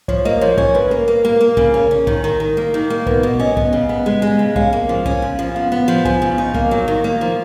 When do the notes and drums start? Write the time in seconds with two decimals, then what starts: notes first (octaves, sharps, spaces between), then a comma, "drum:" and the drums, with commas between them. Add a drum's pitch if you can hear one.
0.08 F3 C#5, drum: kick
0.25 A#3 D#5
0.41 F3 C#5
0.58 C#4 C#5, drum: kick
0.75 C#3 B4
0.91 A#3 A#4
1.08 A#3 A#4
1.25 A#3
1.41 A#3
1.57 C#3, drum: kick
1.74 C#4
1.91 C#4
2.07 D#3, drum: kick
2.24 D#3
2.40 D#3
2.57 A#3
2.74 D#3
2.90 A#3
3.07 B2 B4, drum: kick
3.23 B2
3.39 C#4 D#5
3.57 B3, drum: kick
3.73 C#3
3.89 B3
4.06 G#3
4.22 G#3
4.39 C#3
4.56 C#4 F5, drum: kick
4.73 A#3
4.89 F3
5.06 C#4, drum: kick
5.22 C#3
5.39 F3
5.55 B3 F5
5.72 B3
5.88 F3
6.05 F3 G#5, drum: kick
6.22 C#3
6.38 D#4
6.54 A#3 F5, drum: kick
6.71 F#3
6.88 D#3
7.04 A#3
7.21 F3